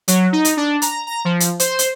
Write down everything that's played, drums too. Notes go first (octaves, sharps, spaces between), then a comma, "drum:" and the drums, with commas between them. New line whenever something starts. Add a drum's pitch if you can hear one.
F#3, drum: hi-hat
D#4
drum: hi-hat
D4
A#5, drum: hi-hat
A#5
F3
drum: hi-hat
C5, drum: hi-hat
drum: hi-hat